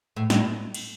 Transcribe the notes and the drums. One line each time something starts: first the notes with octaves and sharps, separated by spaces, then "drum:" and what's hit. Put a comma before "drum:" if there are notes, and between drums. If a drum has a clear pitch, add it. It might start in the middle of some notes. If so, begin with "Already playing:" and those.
A2
A2, drum: snare
drum: cymbal